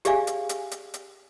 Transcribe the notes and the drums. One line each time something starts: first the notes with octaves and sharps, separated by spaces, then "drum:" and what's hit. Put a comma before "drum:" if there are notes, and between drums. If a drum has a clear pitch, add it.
G4 G#4 D5 E5 F5 G#5, drum: hi-hat
drum: hi-hat
drum: hi-hat
drum: hi-hat
drum: hi-hat